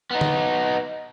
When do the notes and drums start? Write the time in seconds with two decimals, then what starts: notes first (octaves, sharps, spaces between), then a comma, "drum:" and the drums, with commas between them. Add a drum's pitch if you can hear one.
0.11 B3 D#4
0.21 drum: tom D3